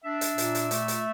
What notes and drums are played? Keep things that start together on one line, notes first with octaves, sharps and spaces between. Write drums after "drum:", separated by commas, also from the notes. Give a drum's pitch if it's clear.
D4 E5
drum: hi-hat
A#2, drum: hi-hat
drum: hi-hat
A3, drum: hi-hat
drum: hi-hat